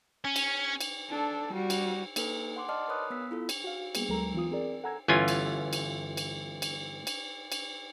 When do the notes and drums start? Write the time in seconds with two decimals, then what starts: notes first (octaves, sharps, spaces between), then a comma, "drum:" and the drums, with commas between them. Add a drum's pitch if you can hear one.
0.25 C#4
0.36 drum: cymbal
0.81 drum: cymbal
1.09 D4 A4
1.53 G3 F#4
1.70 drum: cymbal
2.16 A#3 D#4 A4 B4, drum: cymbal
2.56 F#5 C6 D6
2.69 D5 D#5 A5 C6 D6 F6
2.88 A#4 B4 C#5 B5 D#6 F#6
3.10 B3 E6 B6
3.31 E4 F4 A4
3.49 drum: cymbal
3.64 F#4 F5
3.95 G3 A#3 B3 G#4, drum: cymbal
4.09 D2 F#3 G#3 A4 A#4 A#5
4.34 E3 B3 F4 D#6
4.51 C4 G#4 A#4 D5
4.83 A4 F#5 G#5 A#5 E6 G#6
5.08 G1 E3 C#4 F4 G#5
5.28 drum: cymbal
5.73 drum: cymbal
6.17 drum: cymbal
6.62 drum: cymbal
7.07 drum: cymbal
7.52 drum: cymbal